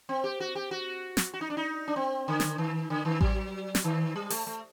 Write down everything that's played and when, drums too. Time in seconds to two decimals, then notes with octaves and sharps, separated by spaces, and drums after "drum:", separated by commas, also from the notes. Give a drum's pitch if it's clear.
0.09 C4
0.24 G4
0.40 F#4
0.55 G4
0.71 F#4
1.17 drum: snare
1.34 F#4
1.41 D#4
1.50 D4
1.57 D#4
1.88 D4
1.96 C4
2.28 D3
2.40 drum: snare
2.58 D#3
2.90 D3
3.05 D#3
3.21 F#3, drum: kick A1
3.75 drum: snare
3.84 D#3
4.16 G3
4.30 A3, drum: open hi-hat
4.47 A3